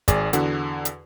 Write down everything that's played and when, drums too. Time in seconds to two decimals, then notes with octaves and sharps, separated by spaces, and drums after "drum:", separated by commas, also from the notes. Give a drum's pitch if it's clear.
0.08 G#1 G#4 D5, drum: kick, hi-hat
0.33 E2 D3 F#4, drum: hi-hat
0.85 drum: hi-hat